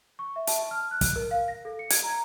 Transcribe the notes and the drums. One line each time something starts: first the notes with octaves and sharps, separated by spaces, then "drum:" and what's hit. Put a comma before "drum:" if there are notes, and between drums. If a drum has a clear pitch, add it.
C#6
E5
A5, drum: hi-hat
F6
F#6
drum: kick, hi-hat
A#4
F5
A#6
A4
C#7
G#6, drum: hi-hat
A#5